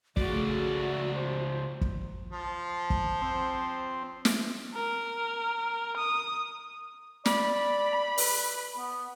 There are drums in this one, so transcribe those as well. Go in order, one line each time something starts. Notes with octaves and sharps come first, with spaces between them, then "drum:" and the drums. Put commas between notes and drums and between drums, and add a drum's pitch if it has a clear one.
C#2 C#3 F3 A3 F#4 D5, drum: kick
C5
drum: kick
F3
drum: kick
C4
drum: snare
A#4
D#6
D5 B5, drum: snare
B4, drum: open hi-hat
B3